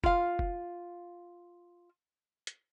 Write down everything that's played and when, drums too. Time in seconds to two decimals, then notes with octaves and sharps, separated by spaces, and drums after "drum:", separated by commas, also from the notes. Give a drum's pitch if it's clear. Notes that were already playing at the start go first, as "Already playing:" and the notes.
0.04 F4 F5, drum: kick
0.39 drum: kick
2.47 drum: hi-hat